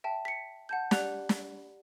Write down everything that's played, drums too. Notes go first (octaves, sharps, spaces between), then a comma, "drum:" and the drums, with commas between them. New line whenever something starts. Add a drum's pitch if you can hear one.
E5 G5 A5
B6 C#7
F#5 A5 G6
G4 D5 F#5 F#6 F7, drum: snare
drum: snare